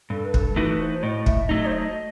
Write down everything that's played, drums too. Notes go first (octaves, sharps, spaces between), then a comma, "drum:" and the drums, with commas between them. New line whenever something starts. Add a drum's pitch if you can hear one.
G2 A4
B4
A4, drum: kick
E3 A3 D#4 F#4 B4
C5
C5
A2 D#5
E5, drum: kick
F#3 A3 D#4 D#5
C5
D#5